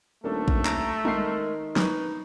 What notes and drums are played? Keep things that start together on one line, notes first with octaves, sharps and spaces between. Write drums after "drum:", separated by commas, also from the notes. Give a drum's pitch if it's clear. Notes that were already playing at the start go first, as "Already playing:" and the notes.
D#1 A3 D4 A4 A#4
drum: kick A#1
A#5 D7, drum: clap
D#3 G#3 A#4 C7, drum: tom G3
D#4 B4 C#6, drum: snare